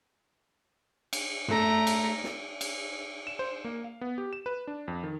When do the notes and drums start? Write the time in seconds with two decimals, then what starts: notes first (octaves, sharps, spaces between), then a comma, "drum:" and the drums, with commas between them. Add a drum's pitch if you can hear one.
1.13 drum: cymbal
1.48 A3 A#5, drum: tom F#2
1.87 drum: cymbal
2.24 drum: snare
2.61 drum: cymbal
3.27 E7
3.39 C5
3.65 A#3
3.84 F5
4.01 B3
4.18 G4
4.33 E7
4.46 B4
4.67 D4
4.88 F2
5.03 D#3